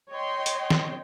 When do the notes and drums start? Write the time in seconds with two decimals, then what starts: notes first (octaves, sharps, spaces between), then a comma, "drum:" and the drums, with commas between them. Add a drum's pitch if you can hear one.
0.12 C#5 D#5 G5 C6
0.46 drum: hi-hat
0.70 drum: snare